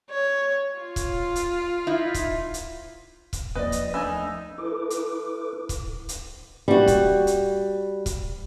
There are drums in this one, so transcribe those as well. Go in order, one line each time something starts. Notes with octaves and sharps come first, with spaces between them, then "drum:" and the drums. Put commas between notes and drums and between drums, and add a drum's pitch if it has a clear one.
C#5
F4
drum: kick, hi-hat
drum: hi-hat
D#4 E4
drum: kick, hi-hat
drum: hi-hat
drum: kick, hi-hat
D#2 F3 B4 D5 D#5
drum: hi-hat
A3 D4 D#4 G#5 B5 E6
E4 A4 B4 D6
drum: hi-hat
drum: kick, hi-hat
drum: hi-hat
G3 F#4
drum: kick, hi-hat
drum: hi-hat
drum: kick, hi-hat